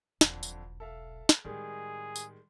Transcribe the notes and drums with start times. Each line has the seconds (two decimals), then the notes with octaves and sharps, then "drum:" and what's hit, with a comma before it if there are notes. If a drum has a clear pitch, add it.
0.21 E1 B1 F2 D3, drum: snare
0.43 drum: tambourine
0.80 A4 E5 F5
1.29 drum: snare
1.45 A2 D#3 G3 G#3 C4 G#4
2.16 drum: tambourine